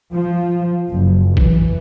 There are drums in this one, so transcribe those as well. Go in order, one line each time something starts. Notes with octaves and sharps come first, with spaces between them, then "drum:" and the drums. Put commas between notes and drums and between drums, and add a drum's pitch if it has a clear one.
F3
F#1
E3, drum: kick A#1